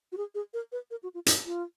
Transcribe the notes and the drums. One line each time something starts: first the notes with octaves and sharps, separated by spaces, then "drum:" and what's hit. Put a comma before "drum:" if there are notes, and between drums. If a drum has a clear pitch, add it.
F#4
G#4
G#4
A#4
B4
A#4
F#4
F4
D#4, drum: hi-hat
F4